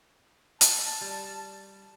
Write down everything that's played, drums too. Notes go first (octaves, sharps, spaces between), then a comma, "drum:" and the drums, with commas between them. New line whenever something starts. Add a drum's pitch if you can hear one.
A5, drum: hi-hat
G3